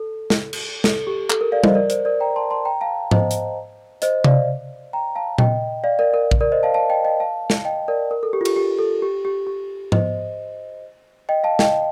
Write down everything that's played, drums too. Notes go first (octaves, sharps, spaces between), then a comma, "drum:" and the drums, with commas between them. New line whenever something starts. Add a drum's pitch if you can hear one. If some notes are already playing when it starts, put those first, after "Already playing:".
Already playing: A4
drum: snare
drum: cymbal
A4, drum: snare
G4
A4, drum: clap
A#4
D5 F5
C5 D#5, drum: tom G3
A#4 D5
C5, drum: hi-hat
A#4 D5
G5 A#5
A5 C6
A5 C6
G5 A#5
F5 A5
C5 D#5, drum: tom G#2
drum: hi-hat
C5 D#5, drum: hi-hat
D5 F5, drum: tom C3
G5 A#5
F5 A5
D#5 G5, drum: tom A#2
D5 F5
A#4 D5
A#4
drum: kick A#1
A#4 D5
C5 D#5
F5 A5
F5 A5
D#5 G5
D#5 G5
F5 A5
drum: snare
D#5 G5
A#4 D5
A#4
A4
G4
F4
G4, drum: cymbal
G4
A4
G4
G4
G4
C5 D#5, drum: tom G#2
D#5 G5
F5 A5
D#5 G5, drum: snare